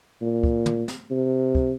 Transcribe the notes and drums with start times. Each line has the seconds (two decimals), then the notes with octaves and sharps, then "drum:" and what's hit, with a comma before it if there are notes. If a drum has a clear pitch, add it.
0.22 A#2
0.43 drum: kick
0.66 drum: tom
0.88 drum: snare
1.11 C3
1.55 drum: kick